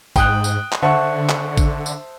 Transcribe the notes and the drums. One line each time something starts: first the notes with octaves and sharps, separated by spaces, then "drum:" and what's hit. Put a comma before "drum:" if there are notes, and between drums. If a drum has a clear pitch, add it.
G#2 G5 D#6 F#6, drum: kick A1, tambourine
drum: tambourine
drum: clap
D3 C5 E5 F#5 A5 C#6
drum: clap
drum: kick A1, tambourine
drum: tambourine